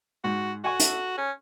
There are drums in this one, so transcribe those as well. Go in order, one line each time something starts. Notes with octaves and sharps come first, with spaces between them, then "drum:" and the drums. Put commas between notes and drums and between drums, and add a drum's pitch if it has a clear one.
G#2 F#4
F#4 F#5 G#5 C#6
A4 E5, drum: hi-hat
C#4